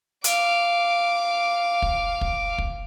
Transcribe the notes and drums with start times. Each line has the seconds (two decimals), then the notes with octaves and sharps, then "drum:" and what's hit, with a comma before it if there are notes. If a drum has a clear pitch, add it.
0.24 F5 D6, drum: hi-hat
1.82 drum: kick
2.21 drum: kick
2.58 drum: kick